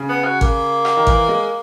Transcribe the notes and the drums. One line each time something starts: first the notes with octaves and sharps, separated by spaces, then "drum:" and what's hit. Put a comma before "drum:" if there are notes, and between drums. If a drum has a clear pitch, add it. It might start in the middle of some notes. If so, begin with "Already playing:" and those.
Already playing: C#3
B3
F#4
A#3, drum: kick G#1
drum: rim click
D#3
E3, drum: kick G#1
G#3